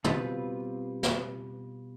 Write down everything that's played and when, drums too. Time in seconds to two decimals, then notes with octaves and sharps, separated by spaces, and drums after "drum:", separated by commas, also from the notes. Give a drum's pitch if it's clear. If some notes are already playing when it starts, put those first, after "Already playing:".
0.04 B2 G3 C4 F4 B4, drum: tom
1.03 drum: snare